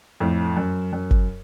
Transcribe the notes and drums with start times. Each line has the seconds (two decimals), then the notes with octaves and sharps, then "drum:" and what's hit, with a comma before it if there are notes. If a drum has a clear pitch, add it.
0.20 F2 A2
0.57 F#2
0.93 F#2
1.11 drum: kick